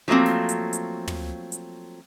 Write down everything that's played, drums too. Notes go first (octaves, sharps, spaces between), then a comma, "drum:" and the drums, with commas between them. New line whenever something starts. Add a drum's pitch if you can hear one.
F3 F#3 A3 A#3 C4
drum: snare
drum: hi-hat
drum: hi-hat
drum: tom
drum: hi-hat